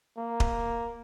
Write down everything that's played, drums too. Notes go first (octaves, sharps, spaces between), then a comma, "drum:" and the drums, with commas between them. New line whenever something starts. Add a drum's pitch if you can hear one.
A#3
drum: kick D#1